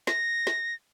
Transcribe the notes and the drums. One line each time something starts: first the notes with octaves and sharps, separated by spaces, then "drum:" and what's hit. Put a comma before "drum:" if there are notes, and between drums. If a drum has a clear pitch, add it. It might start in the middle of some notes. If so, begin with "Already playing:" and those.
A#6, drum: snare
drum: snare